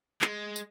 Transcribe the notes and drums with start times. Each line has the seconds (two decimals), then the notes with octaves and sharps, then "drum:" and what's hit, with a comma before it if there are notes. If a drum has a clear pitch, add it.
0.21 G#3, drum: clap
0.56 drum: tambourine